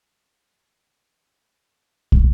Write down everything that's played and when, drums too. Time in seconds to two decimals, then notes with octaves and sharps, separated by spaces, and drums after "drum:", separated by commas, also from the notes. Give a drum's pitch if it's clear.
0.24 D2 B3 D4
0.86 D3 D#3 E4 C#5
2.12 drum: kick